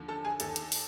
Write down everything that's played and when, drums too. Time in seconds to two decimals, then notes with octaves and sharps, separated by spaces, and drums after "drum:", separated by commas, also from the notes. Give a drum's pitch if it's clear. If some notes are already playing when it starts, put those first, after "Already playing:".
Already playing: D#2 D3 F3
0.08 A4 A5
0.24 G#4 G#5
0.40 D#2 D#3 A4 A5, drum: hi-hat
0.56 drum: hi-hat
0.72 drum: open hi-hat